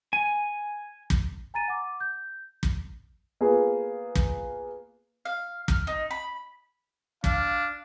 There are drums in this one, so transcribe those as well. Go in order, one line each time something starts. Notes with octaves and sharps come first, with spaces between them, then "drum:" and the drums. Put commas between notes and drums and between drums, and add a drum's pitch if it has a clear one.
G#5
drum: kick
G#5 A#5 A6 D#7
F#5 D6
G6
drum: kick
A#3 B3 F4 G#4
drum: kick
F5
F6, drum: kick
D#4
B5
D4 F5, drum: kick